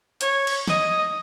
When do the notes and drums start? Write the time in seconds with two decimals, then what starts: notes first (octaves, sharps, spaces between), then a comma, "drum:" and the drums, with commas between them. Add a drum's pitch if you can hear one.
0.21 C#5, drum: hi-hat
0.47 drum: cymbal
0.68 D#5, drum: snare